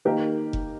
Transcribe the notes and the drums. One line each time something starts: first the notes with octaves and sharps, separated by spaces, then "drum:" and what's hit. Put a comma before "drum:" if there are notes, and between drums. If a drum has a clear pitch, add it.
D#3 A#3 D#4 G4 A#4
drum: kick F1